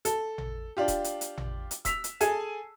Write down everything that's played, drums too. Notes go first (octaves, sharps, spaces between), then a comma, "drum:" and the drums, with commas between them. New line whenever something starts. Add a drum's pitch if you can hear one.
A4, drum: hi-hat
drum: tom A1
D4 F4 G4
drum: kick D#1, hi-hat
drum: hi-hat
drum: hi-hat
drum: tom A1
drum: hi-hat
E6 B6 F7, drum: kick D#1, hi-hat
drum: hi-hat
G#4 A4 G#5 A5, drum: hi-hat